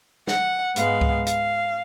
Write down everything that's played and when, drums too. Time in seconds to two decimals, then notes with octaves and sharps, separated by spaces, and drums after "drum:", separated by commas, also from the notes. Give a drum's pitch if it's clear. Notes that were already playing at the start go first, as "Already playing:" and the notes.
0.27 F#5, drum: snare
0.76 G#2 G#3 B3 F5, drum: hi-hat
1.01 drum: kick C#2
1.26 F5, drum: hi-hat